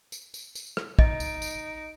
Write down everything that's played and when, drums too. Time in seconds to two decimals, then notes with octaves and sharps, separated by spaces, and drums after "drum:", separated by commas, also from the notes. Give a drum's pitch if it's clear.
0.12 drum: tambourine
0.34 drum: tambourine
0.55 drum: tambourine
0.77 drum: rim click
0.99 D#4 D#5 D7, drum: kick
1.20 drum: tambourine
1.42 drum: tambourine